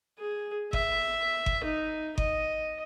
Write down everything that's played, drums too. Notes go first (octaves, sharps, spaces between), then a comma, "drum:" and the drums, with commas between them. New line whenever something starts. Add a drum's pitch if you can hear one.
G#4
E5, drum: kick G1
drum: kick G1
D#4
D#5, drum: kick G1